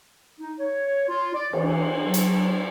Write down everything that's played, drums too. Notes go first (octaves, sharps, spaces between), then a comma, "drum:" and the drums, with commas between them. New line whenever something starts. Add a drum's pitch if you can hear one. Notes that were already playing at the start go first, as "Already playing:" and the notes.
D#4
C#5
F4
D5
E3, drum: cymbal
F#3
drum: hi-hat